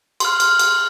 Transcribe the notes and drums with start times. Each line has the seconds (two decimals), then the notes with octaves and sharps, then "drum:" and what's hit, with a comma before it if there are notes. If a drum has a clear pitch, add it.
0.20 C6 F6, drum: cymbal
0.40 drum: cymbal
0.59 drum: cymbal